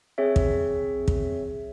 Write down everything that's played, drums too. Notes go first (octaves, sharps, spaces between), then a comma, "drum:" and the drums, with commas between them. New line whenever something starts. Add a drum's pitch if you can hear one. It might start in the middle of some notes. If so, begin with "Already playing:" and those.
C4 G#4 C#5 E5
drum: kick
drum: kick